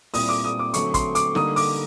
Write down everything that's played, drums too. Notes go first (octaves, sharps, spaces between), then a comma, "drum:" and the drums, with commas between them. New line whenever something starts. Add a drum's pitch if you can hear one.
A#2 G3 C4 E4 D#6, drum: open hi-hat
D6
D#6
D6
D3 F#3 A3 C4 C#6, drum: hi-hat
C6, drum: kick, hi-hat
D6, drum: hi-hat
D3 G3 A#3 D#4 D#6, drum: snare
D6, drum: open hi-hat